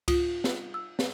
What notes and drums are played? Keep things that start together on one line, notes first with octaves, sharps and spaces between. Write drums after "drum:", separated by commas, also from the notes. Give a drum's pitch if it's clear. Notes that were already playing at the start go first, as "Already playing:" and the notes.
F4, drum: kick C#2, cymbal
drum: snare
E6
drum: snare